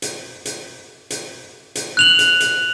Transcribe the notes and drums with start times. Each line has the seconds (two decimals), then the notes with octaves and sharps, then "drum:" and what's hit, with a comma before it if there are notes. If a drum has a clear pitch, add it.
0.02 drum: hi-hat
0.45 drum: hi-hat
1.10 drum: hi-hat
1.75 drum: hi-hat
1.97 F#6 F7 F#7
2.19 drum: hi-hat
2.40 drum: hi-hat